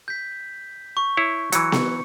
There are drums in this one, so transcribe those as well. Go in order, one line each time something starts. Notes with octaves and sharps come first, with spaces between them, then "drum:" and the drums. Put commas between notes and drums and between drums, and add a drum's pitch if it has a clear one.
G6 B6
C#6
E4 C#5
E3 F#3 C#7, drum: hi-hat
drum: snare B3